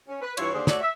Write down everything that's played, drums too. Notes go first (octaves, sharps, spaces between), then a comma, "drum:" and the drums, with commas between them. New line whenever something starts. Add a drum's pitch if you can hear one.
C#4
B4
G2 E3 E4 F4 C#5, drum: cymbal
D#2 D3 D4 G#4 C5 D5
A3 F#4 A4 C#5 D5, drum: snare
E5